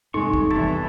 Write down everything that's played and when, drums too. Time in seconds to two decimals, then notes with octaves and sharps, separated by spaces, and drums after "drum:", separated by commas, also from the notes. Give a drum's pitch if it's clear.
0.14 G#1 G2 C3 G#3 D#4 C#6
0.33 drum: kick
0.51 E2 E3 E4 A5, drum: tom